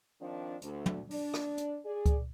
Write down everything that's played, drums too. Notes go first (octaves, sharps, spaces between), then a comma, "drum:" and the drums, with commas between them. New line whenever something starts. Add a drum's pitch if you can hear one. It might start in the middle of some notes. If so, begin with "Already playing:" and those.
D#3 F3 C4 D4
D2, drum: hi-hat
drum: tom
D4, drum: open hi-hat
drum: rim click
drum: hi-hat
G#4 D5
drum: kick C#2, hi-hat